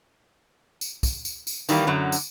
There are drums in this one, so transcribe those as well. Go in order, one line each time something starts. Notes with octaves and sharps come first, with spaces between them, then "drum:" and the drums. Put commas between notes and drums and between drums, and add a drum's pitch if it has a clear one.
drum: tambourine
drum: kick, tambourine
drum: tambourine
drum: tambourine
D#3 E3 G3 A#3, drum: tambourine
F#2 D3 F#3
drum: tambourine